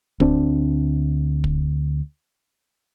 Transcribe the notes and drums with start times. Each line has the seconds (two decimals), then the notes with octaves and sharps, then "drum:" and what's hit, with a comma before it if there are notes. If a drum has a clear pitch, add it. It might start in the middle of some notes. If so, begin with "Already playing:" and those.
0.20 D2 C4 D4, drum: kick
1.44 drum: kick